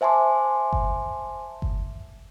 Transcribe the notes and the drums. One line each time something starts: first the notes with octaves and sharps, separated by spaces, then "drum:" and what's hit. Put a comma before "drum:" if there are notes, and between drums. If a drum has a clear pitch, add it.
C5 E5 G#5 A5 C6 D6
drum: kick G1
drum: kick G1